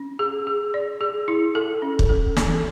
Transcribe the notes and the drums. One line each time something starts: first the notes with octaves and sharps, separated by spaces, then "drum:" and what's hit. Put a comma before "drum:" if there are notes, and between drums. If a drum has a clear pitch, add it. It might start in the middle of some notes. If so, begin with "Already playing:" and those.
Already playing: C#4
G#4
G#4
D5
G#4
E4
A4
C#4
drum: kick
A4
A4, drum: snare